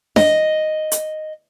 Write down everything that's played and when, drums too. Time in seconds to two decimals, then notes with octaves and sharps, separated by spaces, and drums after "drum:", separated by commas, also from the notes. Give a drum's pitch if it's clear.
0.16 D#5, drum: snare D4
0.92 drum: hi-hat